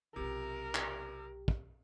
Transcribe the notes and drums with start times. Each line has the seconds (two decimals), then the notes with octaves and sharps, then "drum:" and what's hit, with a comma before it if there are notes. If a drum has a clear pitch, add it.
0.16 B1 C3 F4 G4 A#4
0.75 drum: clap
1.48 drum: kick